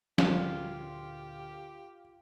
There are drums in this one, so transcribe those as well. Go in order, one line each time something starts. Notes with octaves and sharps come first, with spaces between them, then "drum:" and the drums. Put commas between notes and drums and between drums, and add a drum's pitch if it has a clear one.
D2 A#2 F4 G4 F5, drum: snare